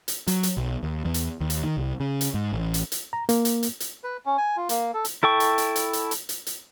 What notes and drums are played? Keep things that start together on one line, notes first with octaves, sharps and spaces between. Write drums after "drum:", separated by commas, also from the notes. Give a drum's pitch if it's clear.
drum: hi-hat
F#3, drum: hi-hat
drum: hi-hat
B1
D#2
E2
drum: hi-hat
D#2
drum: hi-hat
D#3
C2
C#3
drum: hi-hat
G#2
A1
drum: hi-hat
drum: hi-hat
A#5
A#3, drum: hi-hat
drum: hi-hat
drum: hi-hat
drum: hi-hat
B4
C#4
G#5
F4
A#3, drum: hi-hat
A4
drum: hi-hat
E4 A4 G5 C#6
drum: hi-hat
drum: hi-hat
drum: hi-hat
drum: hi-hat
drum: hi-hat
drum: hi-hat
drum: hi-hat